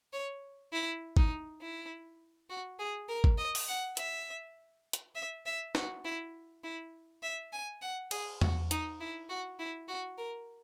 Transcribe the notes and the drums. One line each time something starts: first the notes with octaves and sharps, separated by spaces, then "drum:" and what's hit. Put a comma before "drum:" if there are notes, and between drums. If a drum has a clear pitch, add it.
C#5
E4
D#4, drum: kick
E4
F#4
G#4
A#4
drum: kick
D#5
drum: open hi-hat
F#5
E5, drum: hi-hat
drum: hi-hat
E5
E5
F#4, drum: snare
E4
E4
E5
G#5
F#5
G#4, drum: cymbal
F#4, drum: tom E2
D#4, drum: hi-hat
E4
F#4
E4
F#4
A#4